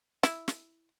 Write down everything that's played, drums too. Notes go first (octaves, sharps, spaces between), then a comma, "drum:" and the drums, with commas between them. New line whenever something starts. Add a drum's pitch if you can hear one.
E4, drum: snare
drum: snare